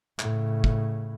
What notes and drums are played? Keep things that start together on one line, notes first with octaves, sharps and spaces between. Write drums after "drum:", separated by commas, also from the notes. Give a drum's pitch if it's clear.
A2 C#3, drum: clap
drum: kick